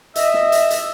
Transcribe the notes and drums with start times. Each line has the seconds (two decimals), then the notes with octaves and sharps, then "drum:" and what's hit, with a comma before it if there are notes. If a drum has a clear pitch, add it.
0.15 D#5 E5, drum: hi-hat
0.34 drum: snare
0.52 drum: hi-hat
0.70 drum: hi-hat